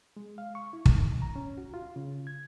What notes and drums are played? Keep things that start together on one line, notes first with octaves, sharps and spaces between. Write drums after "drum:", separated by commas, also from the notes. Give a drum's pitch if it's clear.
G#3
F5
C#6
E4
D#3, drum: kick
A#5
C#4
F#4
F4
C#3
G#6